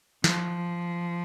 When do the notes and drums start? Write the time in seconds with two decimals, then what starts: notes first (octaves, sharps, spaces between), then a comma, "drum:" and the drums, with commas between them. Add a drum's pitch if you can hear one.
0.24 F3, drum: snare